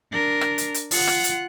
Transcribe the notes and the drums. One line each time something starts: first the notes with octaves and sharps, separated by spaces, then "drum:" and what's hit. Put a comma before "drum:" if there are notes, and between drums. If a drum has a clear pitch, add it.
D4 A#4
drum: rim click
drum: hi-hat
drum: hi-hat
F4 F#5, drum: open hi-hat
drum: rim click
drum: hi-hat